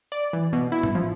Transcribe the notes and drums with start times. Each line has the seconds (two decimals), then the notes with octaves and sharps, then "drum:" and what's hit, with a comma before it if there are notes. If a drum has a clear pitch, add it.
0.12 D5
0.33 E3
0.53 B2
0.72 E4
0.83 drum: tom A2
0.95 F3